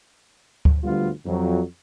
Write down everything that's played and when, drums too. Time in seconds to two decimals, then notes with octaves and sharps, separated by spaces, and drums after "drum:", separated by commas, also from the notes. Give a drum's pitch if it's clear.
0.65 drum: kick D2
0.84 D2 G3 B3 F4
1.26 F2 F#3